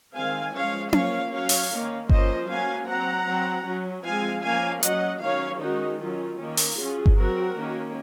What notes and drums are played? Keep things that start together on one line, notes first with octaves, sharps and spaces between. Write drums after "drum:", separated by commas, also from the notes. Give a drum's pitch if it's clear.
D#3 G#3 C4 F5 G#5
F3 G#3 C#4 C#5 F5
F3 A#3 C#4 C#5 F5, drum: tom C#4
F#3 C#4 C#5 F5
drum: open hi-hat
D#3 A#3 C#4
F3 A#3 C#4 C5 D#5, drum: kick G1
F#3 A#3 C#4 F5 G#5
F#3 C4 F#5 A#5
F#3 C4
F#3 C#4
F3 G#3 C4 F5 G#5
F3 A#3 C#4 F5 G#5
F#3 C#4 D#5 F#5, drum: hi-hat
D#3 F#3 C#4 C#5 F5
D#3 G#3 C#4 D#4 F#4
D#3 F#3 C#4 F4
D#3 A#3 C#4
drum: open hi-hat
F#3 C#4 F4 G#4
drum: kick G1
F#3 C4 F#4 A#4
D#3 A#3 C#4